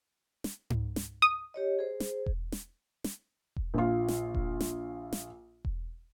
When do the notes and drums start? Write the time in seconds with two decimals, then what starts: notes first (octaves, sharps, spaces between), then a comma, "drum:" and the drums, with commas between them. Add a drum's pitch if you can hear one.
0.44 drum: snare
0.70 drum: tom G#2
0.96 drum: snare
1.22 D#6
1.54 G4 C#5 D#5
1.79 G#4 C5
2.00 drum: snare
2.26 drum: kick E1
2.52 drum: snare
3.04 drum: snare
3.56 drum: kick E1
3.74 A#1 F4
4.08 drum: snare
4.34 drum: kick E1
4.61 drum: snare
5.13 drum: snare
5.65 drum: kick E1